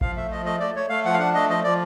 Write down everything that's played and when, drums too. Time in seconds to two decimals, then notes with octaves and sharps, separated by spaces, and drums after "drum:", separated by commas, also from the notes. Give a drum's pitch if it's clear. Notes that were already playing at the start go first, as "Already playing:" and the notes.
0.01 F3 F5, drum: kick A1
0.16 A3 E5
0.31 F3 D#5
0.45 A3 D#5
0.60 A3 D5
0.75 A3 C#5
0.89 A3 F5
1.05 F3 F#5
1.14 F5
1.19 D4 F#5
1.35 A3 D#5
1.49 F3 D#5
1.64 F3 D5